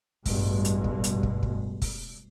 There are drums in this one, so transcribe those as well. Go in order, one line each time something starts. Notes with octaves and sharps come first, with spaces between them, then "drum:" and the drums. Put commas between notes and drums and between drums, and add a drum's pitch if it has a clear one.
A1 G2 B2 G#3, drum: kick, open hi-hat
drum: hi-hat
drum: kick
drum: hi-hat
drum: kick
drum: kick
drum: kick, open hi-hat